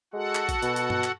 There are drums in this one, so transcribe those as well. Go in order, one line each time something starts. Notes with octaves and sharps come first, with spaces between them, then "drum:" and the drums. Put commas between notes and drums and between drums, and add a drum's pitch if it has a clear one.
G#3 F#4 A4 F#5
drum: clap
drum: kick A#1, hi-hat
B2, drum: hi-hat
drum: hi-hat
drum: tom G2
drum: clap